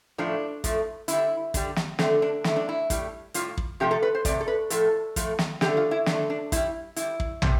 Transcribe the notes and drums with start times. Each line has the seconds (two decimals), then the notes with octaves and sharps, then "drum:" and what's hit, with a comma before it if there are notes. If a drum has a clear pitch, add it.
0.18 A2 F3 A3 D4
0.64 A2 F3 A3, drum: kick, hi-hat
1.08 D3 G3 E4, drum: hi-hat
1.54 D3 G3, drum: kick, hi-hat
1.76 drum: snare
1.99 D3 A3 C4, drum: snare
2.22 D4
2.44 D3 A3 E4, drum: snare
2.56 D4
2.69 E4
2.90 A2 G3, drum: kick, hi-hat
3.34 A2 G3 F4, drum: hi-hat
3.57 drum: kick
3.80 C3 F3 A3 G4
3.91 A4
4.03 B4
4.15 C5
4.25 C3 F3 A3 D5, drum: kick, hi-hat
4.41 A4
4.48 B4
4.70 A2 F3 A3 A4, drum: hi-hat
5.16 A2 F3 A3, drum: kick, hi-hat
5.39 drum: snare
5.61 D3 A3 G4, drum: snare
5.77 F4
5.91 E4
6.06 D3 A3 D4, drum: snare
6.30 D4
6.52 A2 G3 E4, drum: kick, hi-hat
6.96 A2 E4, drum: hi-hat
7.02 G3
7.20 drum: kick
7.42 C3 E3 G3, drum: tom